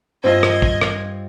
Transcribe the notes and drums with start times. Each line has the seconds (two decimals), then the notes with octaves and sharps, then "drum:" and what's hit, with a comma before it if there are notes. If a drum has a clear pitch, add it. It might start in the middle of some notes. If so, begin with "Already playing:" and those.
0.24 G2 C4 F4 D#5 E5 G#6
0.43 drum: rim click
0.62 drum: kick
0.81 drum: rim click